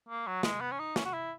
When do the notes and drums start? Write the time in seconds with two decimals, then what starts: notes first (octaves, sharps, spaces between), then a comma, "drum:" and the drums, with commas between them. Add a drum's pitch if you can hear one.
0.09 A#3
0.27 F#3
0.43 G#3, drum: snare
0.61 B3
0.72 C#4
0.79 D#4
0.96 C#4, drum: snare
1.05 F#4
1.13 E4